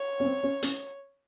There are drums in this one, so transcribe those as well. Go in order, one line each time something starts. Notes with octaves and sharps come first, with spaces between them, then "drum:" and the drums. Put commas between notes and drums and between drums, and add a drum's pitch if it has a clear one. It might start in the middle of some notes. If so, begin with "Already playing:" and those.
Already playing: C#5
C#4
C4
C#4
C#4, drum: hi-hat